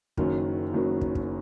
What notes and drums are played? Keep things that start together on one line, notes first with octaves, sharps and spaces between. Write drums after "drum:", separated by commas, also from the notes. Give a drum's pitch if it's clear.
F#1 F#2 D#3 F#3, drum: kick
F#1 F#2 D#3 F#3
drum: kick
drum: kick